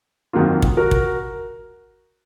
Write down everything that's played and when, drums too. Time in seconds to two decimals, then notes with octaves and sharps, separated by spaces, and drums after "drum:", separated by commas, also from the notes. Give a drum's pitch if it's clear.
0.33 F2 D#3 F#3 A#3 F4
0.62 drum: kick
0.77 F#4 A#4
0.91 drum: kick